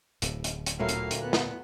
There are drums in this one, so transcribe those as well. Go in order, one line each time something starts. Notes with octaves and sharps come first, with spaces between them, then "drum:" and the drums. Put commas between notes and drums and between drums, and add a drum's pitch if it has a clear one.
D1 A2, drum: hi-hat
drum: hi-hat
drum: hi-hat
D2 A#2 F#3 A3 A#3 E4 F5
drum: hi-hat
drum: hi-hat
B3 F#6
drum: snare